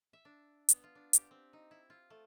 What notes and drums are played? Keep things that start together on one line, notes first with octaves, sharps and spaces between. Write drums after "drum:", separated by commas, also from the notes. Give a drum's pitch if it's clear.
E5
D4
B3, drum: hi-hat
F4
D4
G4, drum: hi-hat
C4
D#4
E4
F4
A3